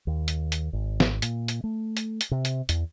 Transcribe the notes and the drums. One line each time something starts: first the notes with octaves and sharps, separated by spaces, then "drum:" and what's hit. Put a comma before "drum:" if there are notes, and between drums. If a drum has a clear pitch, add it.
D#2
drum: hi-hat
drum: hi-hat
G#1
drum: snare
A#2, drum: hi-hat
drum: hi-hat
A3
drum: hi-hat
drum: hi-hat
C3
drum: hi-hat
E2, drum: hi-hat